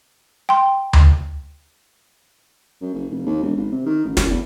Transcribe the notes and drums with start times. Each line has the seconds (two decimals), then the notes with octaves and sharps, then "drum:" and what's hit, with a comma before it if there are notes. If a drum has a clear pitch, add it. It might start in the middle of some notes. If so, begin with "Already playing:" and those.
0.49 G5 C6
0.93 drum: tom D2
2.81 F#2
2.94 F#1
3.10 F1
3.26 D#2
3.43 E1
3.56 G#1
3.72 C3
3.86 D#3
4.05 A1
4.17 F#2, drum: snare
4.30 E2